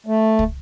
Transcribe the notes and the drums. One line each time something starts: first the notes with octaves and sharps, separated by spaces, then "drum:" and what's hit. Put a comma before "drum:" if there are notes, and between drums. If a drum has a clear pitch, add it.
A3
drum: kick